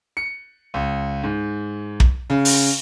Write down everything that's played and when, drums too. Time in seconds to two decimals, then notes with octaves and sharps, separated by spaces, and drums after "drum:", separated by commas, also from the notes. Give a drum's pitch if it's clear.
0.17 C#7
0.74 C#2
1.23 G#2
2.00 drum: kick
2.30 C#3
2.45 drum: open hi-hat